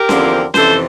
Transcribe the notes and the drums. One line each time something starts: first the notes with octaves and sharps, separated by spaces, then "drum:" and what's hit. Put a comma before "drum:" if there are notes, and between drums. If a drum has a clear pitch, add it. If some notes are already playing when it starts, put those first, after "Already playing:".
Already playing: G4 A#4
E2 D3 F3 C4, drum: snare C#4
F2 C3 E3 A4 C5, drum: snare C#4